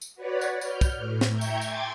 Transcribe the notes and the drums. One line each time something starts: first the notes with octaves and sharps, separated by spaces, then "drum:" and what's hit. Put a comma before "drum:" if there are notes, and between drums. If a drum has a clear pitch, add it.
drum: tambourine
F#4 B4 C#5 D5
drum: tambourine
F6 G6, drum: tambourine
drum: kick, tambourine
A2
drum: snare
E5 G5 A#5 C#6 G6 G#6
drum: tambourine
G5 G#5 C6 D6 G#6 A6, drum: tambourine